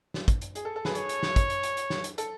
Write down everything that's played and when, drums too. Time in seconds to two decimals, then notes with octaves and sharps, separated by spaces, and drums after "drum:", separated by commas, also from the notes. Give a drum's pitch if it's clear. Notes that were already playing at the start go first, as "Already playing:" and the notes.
0.14 drum: snare
0.28 drum: kick, hi-hat
0.41 drum: hi-hat
0.55 G#4, drum: hi-hat
0.65 A4
0.76 A4
0.85 G#4 B4, drum: snare
0.95 G#4 C#5, drum: hi-hat
1.09 drum: hi-hat
1.23 drum: snare
1.36 drum: kick, hi-hat
1.50 drum: hi-hat
1.63 drum: hi-hat
1.77 drum: hi-hat
1.90 drum: snare
2.04 drum: hi-hat
2.18 A4, drum: hi-hat